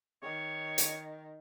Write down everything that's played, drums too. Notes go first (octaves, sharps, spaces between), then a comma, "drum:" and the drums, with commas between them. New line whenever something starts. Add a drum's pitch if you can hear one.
D#3 C#5
drum: hi-hat